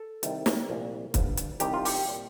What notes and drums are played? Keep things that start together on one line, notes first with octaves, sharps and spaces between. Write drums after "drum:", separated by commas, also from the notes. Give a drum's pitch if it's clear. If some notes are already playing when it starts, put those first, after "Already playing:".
Already playing: A4
C2 C3 D#3 G3, drum: hi-hat
drum: snare
C2 A#2 F3
G2 D3 F3, drum: kick, hi-hat
drum: hi-hat
C2 C3 D#3 G3 G4, drum: hi-hat
F4
G4, drum: open hi-hat
A#2 G3